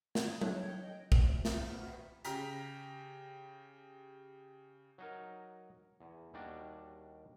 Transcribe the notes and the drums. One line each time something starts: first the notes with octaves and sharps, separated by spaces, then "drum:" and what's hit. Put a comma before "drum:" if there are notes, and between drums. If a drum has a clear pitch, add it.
G#6, drum: snare
D#6
C#5 F#6, drum: tom F#3
G5
D#5
D2 A#2, drum: kick
E2 C3 D#3 E3 B3 D#4, drum: snare
D2 A#2 C#3 B3 C#6
B2 D#3 E3
C#3 G4 A#5 B6, drum: hi-hat
F#3 D#4 A#4
E2
D#2 D#3 G3 D4 F#4 D5